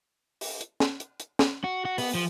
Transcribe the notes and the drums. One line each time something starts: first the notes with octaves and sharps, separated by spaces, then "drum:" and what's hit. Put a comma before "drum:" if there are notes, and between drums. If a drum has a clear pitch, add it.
drum: open hi-hat
drum: hi-hat
drum: snare
drum: hi-hat
drum: hi-hat
drum: snare
F#4
F#4
B3, drum: open hi-hat
F3